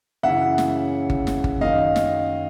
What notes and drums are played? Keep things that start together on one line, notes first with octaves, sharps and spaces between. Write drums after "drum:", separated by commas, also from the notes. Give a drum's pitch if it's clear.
F#2 C#3 E3 E5 F#5
drum: snare
drum: kick G1
drum: snare
drum: kick G1
F#2 D#3 D#5 F5
drum: snare